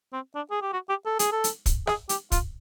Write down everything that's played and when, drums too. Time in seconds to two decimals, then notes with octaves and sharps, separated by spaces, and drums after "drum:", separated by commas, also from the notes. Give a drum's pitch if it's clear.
0.13 C4
0.35 D4
0.51 G#4
0.62 G4
0.73 F#4
0.89 G4
1.06 A4
1.19 G#4, drum: hi-hat
1.32 A4
1.44 drum: hi-hat
1.66 drum: kick, hi-hat
1.87 G#4, drum: rim click
2.09 G4, drum: hi-hat
2.32 F4, drum: kick, hi-hat